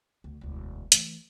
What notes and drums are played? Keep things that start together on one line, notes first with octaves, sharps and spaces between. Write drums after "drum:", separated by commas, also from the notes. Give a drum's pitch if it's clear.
D2
E1 D2
E3 A3, drum: hi-hat